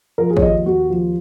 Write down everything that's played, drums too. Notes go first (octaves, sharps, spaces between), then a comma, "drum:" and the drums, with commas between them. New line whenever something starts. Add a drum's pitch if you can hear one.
F3 A#4
G#4
C#5, drum: kick
D#2 D#5
D#2 F#4
F3